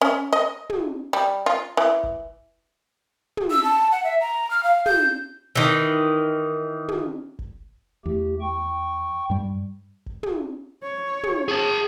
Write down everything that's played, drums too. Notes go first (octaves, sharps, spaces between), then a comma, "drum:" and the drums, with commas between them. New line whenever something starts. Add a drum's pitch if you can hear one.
C#4
D#5
drum: tom
G3
F4
E3
drum: kick G1
drum: tom
E6
A5
F#5
E5
A#5
F6
F5
G6, drum: tom
D#3 E3
drum: tom
drum: kick G1
E2 A3 G4
G5 C#6
G2 G3
drum: kick G1
drum: tom
C#5
drum: tom
G#4 A5